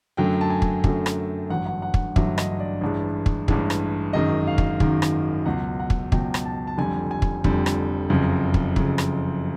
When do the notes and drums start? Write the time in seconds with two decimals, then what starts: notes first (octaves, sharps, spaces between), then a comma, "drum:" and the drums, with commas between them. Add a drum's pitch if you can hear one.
0.17 F#2 D3 F#3 A3 G5
0.41 A5
0.50 G#5
0.62 drum: kick
0.84 F#2 D3 F#3 A3, drum: kick
1.06 drum: rim click
1.50 A1 G2 D3 F#3 F#5
1.66 F#5
1.82 F#5
1.94 drum: kick
2.16 A1 G2 D3 F#3 E5, drum: kick
2.38 D#5, drum: rim click
2.60 D5
2.81 A1 G2 E3 G#3
3.26 drum: kick
3.48 A1 G2 E3 G#3, drum: kick
3.70 drum: rim click
4.13 G#1 F#2 D#3 G#3 D#5
4.47 F5
4.58 drum: kick
4.80 G#1 F#2 D#3 G#3, drum: kick
5.02 drum: rim click
5.45 C#2 B2 F#3 F#5
5.80 F#5
5.90 drum: kick
6.12 C#2 B2 F#3 G5, drum: kick
6.34 drum: rim click
6.45 A5
6.67 A5
6.78 F1 F2 D3 G3 G#5
7.11 G#5
7.22 drum: kick
7.44 F1 F2 D3 G3, drum: kick
7.66 drum: rim click
8.10 F#1 F2 C#3
8.54 drum: kick
8.76 F#1 F2 C#3, drum: kick
8.98 drum: rim click